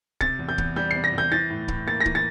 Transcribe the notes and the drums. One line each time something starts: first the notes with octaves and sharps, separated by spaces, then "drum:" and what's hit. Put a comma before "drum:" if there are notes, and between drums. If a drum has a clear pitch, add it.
C3 A6, drum: kick
E2
G6
E2, drum: kick
G3 G6
C3 C7
A#6
E2 G6
E3 A6
A2
A2, drum: kick
A#3 A6
A#6
E3, drum: kick
A6